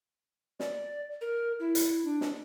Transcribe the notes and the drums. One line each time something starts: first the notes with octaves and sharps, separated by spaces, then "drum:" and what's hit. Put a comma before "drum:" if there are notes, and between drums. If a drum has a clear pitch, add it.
D5, drum: snare
A#4
E4
drum: hi-hat
D4
drum: snare